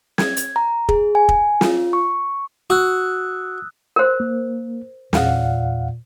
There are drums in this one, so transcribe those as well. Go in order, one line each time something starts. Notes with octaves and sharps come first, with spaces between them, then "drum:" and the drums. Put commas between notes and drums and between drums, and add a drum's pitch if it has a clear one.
G#6, drum: snare
drum: hi-hat
A#5
G#4, drum: kick
G#5
drum: kick
F4, drum: snare
C#6
F#4 D#6 E6 F#6
A#4 C5
A#3
E2 A#2 F5 F#5, drum: snare